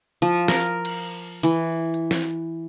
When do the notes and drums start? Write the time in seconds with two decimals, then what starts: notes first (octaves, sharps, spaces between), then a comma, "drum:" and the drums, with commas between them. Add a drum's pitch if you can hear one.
0.22 F3
0.48 A#4, drum: snare
0.85 drum: cymbal
1.43 E3
1.94 drum: hi-hat
2.11 drum: snare